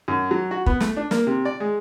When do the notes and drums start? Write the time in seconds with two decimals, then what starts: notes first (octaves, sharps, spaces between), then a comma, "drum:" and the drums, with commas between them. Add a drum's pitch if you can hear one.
0.08 F#2
0.31 F#3
0.51 F#4
0.66 B3, drum: kick
0.80 A3, drum: snare
0.97 D4
1.11 A#3, drum: snare
1.27 C3
1.45 D5
1.60 G#3